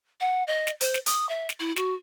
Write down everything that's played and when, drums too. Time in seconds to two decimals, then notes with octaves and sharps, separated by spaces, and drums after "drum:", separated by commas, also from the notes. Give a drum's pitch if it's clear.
0.20 F#5
0.47 D#5
0.67 drum: snare
0.81 C5, drum: hi-hat
0.94 drum: snare
1.06 D#6, drum: hi-hat
1.29 E5
1.49 drum: snare
1.60 E4
1.76 F#4, drum: snare